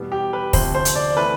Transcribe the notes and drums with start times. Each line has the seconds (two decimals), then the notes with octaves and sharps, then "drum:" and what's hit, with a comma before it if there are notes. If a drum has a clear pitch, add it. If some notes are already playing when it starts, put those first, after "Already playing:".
Already playing: E2 B2 G3 B3
0.12 G4
0.33 B4
0.53 D2 C3 F3 C4 C5, drum: kick, open hi-hat
0.75 C5
0.85 drum: hi-hat
0.96 D5
1.17 E3 A3 C4 B4